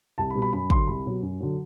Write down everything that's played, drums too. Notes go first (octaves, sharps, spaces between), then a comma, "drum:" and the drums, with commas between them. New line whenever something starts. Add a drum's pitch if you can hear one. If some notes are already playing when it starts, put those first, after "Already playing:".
C2 A5
B5
B2 G3
B5
F#2 B5
D3 F#3 C6, drum: kick
C2 B5
B2 F#3
F#2
D3 F#3